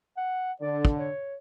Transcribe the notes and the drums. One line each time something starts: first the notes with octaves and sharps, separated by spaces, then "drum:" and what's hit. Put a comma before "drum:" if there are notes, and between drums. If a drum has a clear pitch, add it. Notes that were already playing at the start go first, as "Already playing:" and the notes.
F#5
D3 D5
drum: kick
C#5